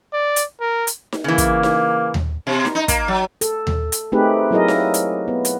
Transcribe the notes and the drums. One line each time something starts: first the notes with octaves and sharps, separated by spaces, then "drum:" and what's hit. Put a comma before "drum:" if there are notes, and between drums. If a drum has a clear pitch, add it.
D5
drum: hi-hat
A#4
drum: hi-hat
drum: snare D#4
C#3 E3 A#3
drum: kick, hi-hat
drum: snare D#4
drum: tom D#2
B2
drum: snare D#4
D#4
A#3, drum: kick, hi-hat
F#3
A4, drum: hi-hat
drum: tom D#2
drum: hi-hat
A3 C4 D#4 G4 G#4 B4
F#3 A#3 E4 G#4 A#4 D#5
drum: snare D#4
drum: hi-hat
B3
drum: hi-hat